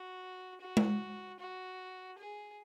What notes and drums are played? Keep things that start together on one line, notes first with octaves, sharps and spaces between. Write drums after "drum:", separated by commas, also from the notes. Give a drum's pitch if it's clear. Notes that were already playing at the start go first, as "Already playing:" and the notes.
Already playing: F#4
F#4
drum: tom G#3
F#4
G#4